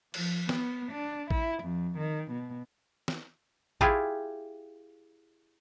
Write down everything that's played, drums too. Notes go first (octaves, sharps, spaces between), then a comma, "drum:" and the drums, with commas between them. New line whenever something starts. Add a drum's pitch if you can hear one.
F3, drum: cymbal
B3, drum: snare
D4
E4, drum: kick A1
F2
D#3
B2
drum: snare
E4 F4 G4 G#4, drum: kick A1